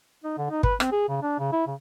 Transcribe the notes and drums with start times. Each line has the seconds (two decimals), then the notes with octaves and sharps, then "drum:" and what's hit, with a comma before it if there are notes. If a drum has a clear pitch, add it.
0.24 D#4
0.37 D3
0.50 D#4
0.63 B4, drum: kick
0.80 C4, drum: rim click
0.92 G#4
1.09 C#3
1.22 D4
1.39 C#3
1.52 E4
1.67 C#3